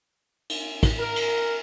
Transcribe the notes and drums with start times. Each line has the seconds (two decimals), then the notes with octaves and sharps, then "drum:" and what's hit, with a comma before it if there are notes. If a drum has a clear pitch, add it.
0.50 drum: cymbal
0.83 drum: kick, cymbal
0.99 A#4
1.16 drum: cymbal